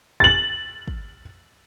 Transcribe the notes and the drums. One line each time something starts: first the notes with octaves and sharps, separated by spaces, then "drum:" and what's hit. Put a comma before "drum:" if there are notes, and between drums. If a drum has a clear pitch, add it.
A6 F#7, drum: kick
drum: kick